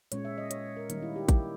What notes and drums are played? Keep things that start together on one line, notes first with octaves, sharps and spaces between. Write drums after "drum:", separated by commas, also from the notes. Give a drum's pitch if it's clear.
A#2 G#3 C#4 C#5, drum: hi-hat
E5
D#5
C#5, drum: hi-hat
A#4
D#3 G3 A#3 D#4, drum: hi-hat
E4
G4
E4, drum: kick A1, hi-hat